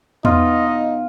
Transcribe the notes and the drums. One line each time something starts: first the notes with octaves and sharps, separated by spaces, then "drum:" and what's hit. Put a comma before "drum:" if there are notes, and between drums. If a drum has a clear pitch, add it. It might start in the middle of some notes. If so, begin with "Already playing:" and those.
B3 D#4 F4 D#5, drum: tom E2